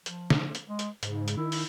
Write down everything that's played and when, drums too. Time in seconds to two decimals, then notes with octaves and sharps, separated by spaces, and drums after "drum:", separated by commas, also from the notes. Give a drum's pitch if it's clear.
0.06 F3, drum: hi-hat
0.30 drum: snare
0.55 drum: hi-hat
0.68 G#3
0.79 drum: hi-hat
1.03 G#2 C#3, drum: hi-hat
1.28 drum: hi-hat
1.37 D#3 E4
1.52 drum: open hi-hat